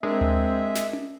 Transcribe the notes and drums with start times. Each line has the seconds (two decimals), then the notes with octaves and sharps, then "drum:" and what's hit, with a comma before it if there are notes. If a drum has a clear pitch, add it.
0.03 G#3 C4 D4 A#4 E5
0.21 drum: tom D2
0.75 drum: snare
0.93 drum: tom C#4